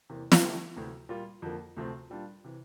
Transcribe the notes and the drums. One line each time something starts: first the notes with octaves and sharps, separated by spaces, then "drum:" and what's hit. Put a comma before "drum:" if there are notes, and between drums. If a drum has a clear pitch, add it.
E2 C3 E3 A#3
drum: snare
D3 A3 E4 G4
D2 C3 E3
A#2 G3 A#3 F4
F2 D3 F3 A#3
D2 C3 F3 A3 C4
A#2 G3 D4 F4
C3 E3